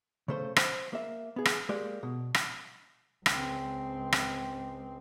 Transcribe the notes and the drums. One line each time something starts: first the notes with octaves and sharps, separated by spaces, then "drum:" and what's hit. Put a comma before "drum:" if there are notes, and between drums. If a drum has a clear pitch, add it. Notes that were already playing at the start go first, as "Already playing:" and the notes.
C#3 A3 C5
C5, drum: rim click
A#3 E5
B3 G#4
drum: rim click
G#3 A#3 G4 D5
B2
drum: rim click
C#2 C4, drum: rim click
drum: rim click